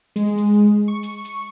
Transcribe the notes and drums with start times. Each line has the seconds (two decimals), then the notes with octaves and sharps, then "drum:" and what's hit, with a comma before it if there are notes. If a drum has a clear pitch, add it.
0.16 G#3, drum: hi-hat
0.38 drum: hi-hat
0.88 C#6
1.03 drum: hi-hat
1.25 drum: hi-hat